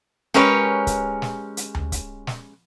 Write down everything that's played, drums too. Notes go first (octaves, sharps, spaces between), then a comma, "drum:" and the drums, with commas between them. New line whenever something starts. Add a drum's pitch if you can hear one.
G#3 C#4 G4 A#4 B4 C#5
drum: kick C#1, hi-hat
drum: snare
drum: hi-hat
drum: tom D2
drum: kick C#1, hi-hat
drum: snare